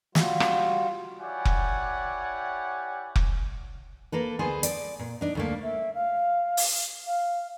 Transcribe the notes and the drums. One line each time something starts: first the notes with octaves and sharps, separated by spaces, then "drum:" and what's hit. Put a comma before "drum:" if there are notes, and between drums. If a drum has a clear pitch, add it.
G3 F4 F#4, drum: snare
drum: rim click
E4 G4 C#5 D5 F#5 G#5
drum: kick F1
drum: kick F1
A#3 A4 B4
D2 B3 G#4 C5
D5, drum: hi-hat
A#2
D4 D#4
D2 A3 A#3
E5
F5
drum: open hi-hat
F5